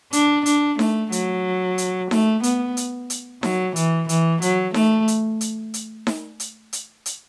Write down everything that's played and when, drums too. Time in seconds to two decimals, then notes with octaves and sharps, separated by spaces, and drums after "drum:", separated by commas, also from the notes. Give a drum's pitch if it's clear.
0.13 D4, drum: hi-hat
0.46 D4, drum: hi-hat
0.79 A3, drum: snare D#4
1.12 F#3, drum: hi-hat
1.78 drum: hi-hat
2.11 A3, drum: snare D#4
2.43 B3, drum: hi-hat
2.77 drum: hi-hat
3.10 drum: hi-hat
3.43 F#3, drum: snare D#4
3.76 E3, drum: hi-hat
4.09 E3, drum: hi-hat
4.42 F#3, drum: hi-hat
4.74 A3, drum: snare D#4
5.08 drum: hi-hat
5.41 drum: hi-hat
5.74 drum: hi-hat
6.07 drum: snare D#4
6.40 drum: hi-hat
6.73 drum: hi-hat
7.06 drum: hi-hat